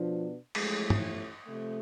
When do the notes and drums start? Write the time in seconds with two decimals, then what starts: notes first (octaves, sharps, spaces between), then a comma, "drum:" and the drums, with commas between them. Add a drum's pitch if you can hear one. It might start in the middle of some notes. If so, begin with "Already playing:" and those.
Already playing: B2 F3 B3 D4
0.55 A1 A2 F3 G#3 A3, drum: cymbal
0.90 drum: tom
1.46 C3 F3 A3